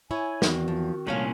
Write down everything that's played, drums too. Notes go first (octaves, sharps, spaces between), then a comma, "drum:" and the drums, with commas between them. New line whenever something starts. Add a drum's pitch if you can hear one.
E4 C#5 G#5
E2 D#3 C4 F#4, drum: snare
F3
C2 A#2 A3 C#4 C#5 F5